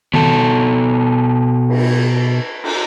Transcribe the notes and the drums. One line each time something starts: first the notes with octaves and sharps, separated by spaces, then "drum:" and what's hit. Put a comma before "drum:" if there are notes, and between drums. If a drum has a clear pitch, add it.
B2 A4, drum: tom D#3
drum: cymbal
drum: cymbal